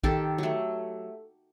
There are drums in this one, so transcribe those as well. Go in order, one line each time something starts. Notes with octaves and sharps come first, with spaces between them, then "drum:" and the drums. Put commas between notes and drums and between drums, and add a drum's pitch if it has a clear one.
D#3 G4 A4, drum: kick A#1
F#3 A3